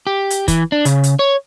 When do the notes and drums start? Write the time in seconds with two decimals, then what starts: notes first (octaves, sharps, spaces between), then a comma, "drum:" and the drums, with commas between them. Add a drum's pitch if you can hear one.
0.07 G4
0.30 drum: hi-hat
0.48 E3, drum: kick, hi-hat
0.72 D4
0.85 C#3, drum: hi-hat
1.04 drum: hi-hat
1.19 C#5